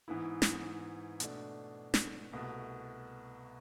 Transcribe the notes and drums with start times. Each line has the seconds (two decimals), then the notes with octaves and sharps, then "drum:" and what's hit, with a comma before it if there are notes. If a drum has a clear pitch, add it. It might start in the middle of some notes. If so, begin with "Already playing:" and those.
0.08 G#2 E3 B3 E4
0.42 drum: snare
1.20 B2 A3 D4, drum: hi-hat
1.94 drum: snare
2.33 C2 B2 A3